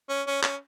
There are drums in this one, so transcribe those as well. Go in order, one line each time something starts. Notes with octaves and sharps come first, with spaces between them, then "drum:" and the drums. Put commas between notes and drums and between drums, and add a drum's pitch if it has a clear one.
C#4
C#4
C#4, drum: clap